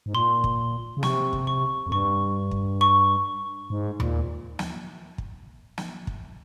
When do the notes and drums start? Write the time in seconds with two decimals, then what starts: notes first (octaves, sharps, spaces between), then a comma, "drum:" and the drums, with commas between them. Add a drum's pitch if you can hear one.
0.06 G#2
0.14 A#2 C6
0.44 drum: kick
0.97 C#3
1.03 C3 C#6, drum: snare
1.33 drum: kick
1.47 C#6
1.87 F2
1.92 G2 C#6
2.51 drum: kick
2.81 C#6
3.70 G#2
4.00 A#2, drum: tom D#2
4.59 drum: snare
5.18 drum: kick
5.78 drum: snare
6.07 drum: kick